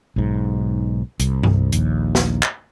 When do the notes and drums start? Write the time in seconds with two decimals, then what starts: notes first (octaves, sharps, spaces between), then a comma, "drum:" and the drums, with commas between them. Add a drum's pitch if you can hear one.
0.16 B1 G#2
1.20 C2, drum: hi-hat
1.43 drum: tom G2
1.72 A#1 D#2, drum: hi-hat
2.15 drum: snare
2.43 drum: clap